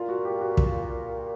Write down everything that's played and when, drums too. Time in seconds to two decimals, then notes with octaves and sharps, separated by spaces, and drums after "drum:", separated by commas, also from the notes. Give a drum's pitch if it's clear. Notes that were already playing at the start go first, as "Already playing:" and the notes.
Already playing: A#2 F4
0.09 F#4
0.25 G4
0.41 F#4
0.57 drum: kick